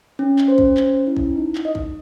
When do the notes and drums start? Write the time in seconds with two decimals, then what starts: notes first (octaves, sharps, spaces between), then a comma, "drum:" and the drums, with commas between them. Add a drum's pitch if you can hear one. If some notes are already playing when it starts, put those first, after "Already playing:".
0.19 C#4
0.38 drum: clap
0.48 C5
0.58 drum: kick
0.77 C#4, drum: clap
1.07 E4
1.16 drum: kick
1.36 D#4
1.55 drum: clap
1.65 D#5
1.75 drum: kick